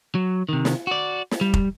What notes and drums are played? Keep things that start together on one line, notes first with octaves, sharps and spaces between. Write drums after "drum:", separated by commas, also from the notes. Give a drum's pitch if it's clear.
F#3
C3 D#3
drum: snare
F#4 D5
drum: snare
G3
drum: kick F1